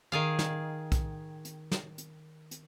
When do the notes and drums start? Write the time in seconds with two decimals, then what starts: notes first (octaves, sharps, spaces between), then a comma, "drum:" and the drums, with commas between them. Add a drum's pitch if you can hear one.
0.12 D#3 G#4 F5
0.39 drum: snare
0.92 drum: kick, hi-hat
1.45 drum: hi-hat
1.72 drum: snare
1.98 drum: hi-hat
2.51 drum: hi-hat